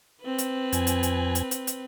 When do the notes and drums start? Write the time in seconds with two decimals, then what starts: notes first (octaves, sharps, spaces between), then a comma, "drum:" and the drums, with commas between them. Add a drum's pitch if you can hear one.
0.22 C4 B4
0.38 drum: hi-hat
0.73 F2 G#5, drum: hi-hat
0.87 drum: hi-hat
1.03 drum: hi-hat
1.35 drum: hi-hat
1.51 drum: hi-hat
1.67 drum: hi-hat